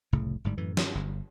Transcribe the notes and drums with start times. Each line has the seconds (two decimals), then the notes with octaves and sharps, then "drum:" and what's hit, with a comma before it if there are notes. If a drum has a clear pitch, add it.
0.12 F1 C2 A2 C#3
0.44 G1 G#2 G3
0.57 F#2 A2 E3
0.77 G2, drum: snare
0.95 G1